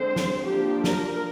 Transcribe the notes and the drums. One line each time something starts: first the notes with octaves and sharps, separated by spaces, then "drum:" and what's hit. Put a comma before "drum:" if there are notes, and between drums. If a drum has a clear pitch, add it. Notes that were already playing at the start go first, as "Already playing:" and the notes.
Already playing: D3 G#3 C4 C5
drum: snare
F3 A#3 D4 G4
A#4, drum: snare